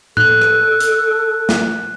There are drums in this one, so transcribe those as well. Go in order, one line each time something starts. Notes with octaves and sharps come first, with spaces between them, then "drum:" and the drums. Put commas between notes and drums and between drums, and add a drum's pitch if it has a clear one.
A4 F#6, drum: tom A2
drum: rim click
drum: hi-hat
drum: snare